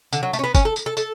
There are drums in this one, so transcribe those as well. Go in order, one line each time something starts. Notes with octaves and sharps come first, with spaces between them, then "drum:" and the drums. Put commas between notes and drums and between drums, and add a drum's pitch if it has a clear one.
D3, drum: tambourine
F#3
A3, drum: tambourine
C#4
B3
C#4, drum: kick F#1, tambourine
A4
drum: tambourine
A4
A4, drum: tambourine